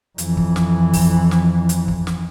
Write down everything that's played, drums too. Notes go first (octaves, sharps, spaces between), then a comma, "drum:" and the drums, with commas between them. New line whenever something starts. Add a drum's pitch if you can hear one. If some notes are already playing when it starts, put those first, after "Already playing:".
F2 E3, drum: hi-hat
drum: kick
drum: snare
drum: kick, open hi-hat
drum: snare
drum: hi-hat
drum: kick
drum: snare